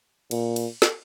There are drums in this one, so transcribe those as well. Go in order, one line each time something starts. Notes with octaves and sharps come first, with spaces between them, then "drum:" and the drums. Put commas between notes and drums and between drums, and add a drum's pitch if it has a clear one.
A#2, drum: cymbal
drum: cymbal
drum: snare